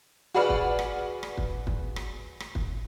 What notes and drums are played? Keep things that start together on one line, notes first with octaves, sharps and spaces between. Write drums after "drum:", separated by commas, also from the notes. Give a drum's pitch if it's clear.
F#4 G#4 B4 D5 F#5 F6
drum: kick
drum: rim click
drum: rim click
drum: kick
drum: kick
drum: rim click
drum: rim click
drum: kick